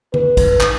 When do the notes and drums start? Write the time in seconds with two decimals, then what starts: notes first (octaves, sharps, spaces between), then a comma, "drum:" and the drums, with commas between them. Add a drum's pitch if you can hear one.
0.14 B4, drum: tom D3
0.37 drum: kick, cymbal
0.60 drum: clap